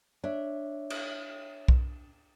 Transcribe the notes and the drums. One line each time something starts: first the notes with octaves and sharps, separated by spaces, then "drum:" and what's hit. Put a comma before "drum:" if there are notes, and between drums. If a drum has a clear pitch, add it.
D4 C#5 E5
drum: cymbal
drum: kick B1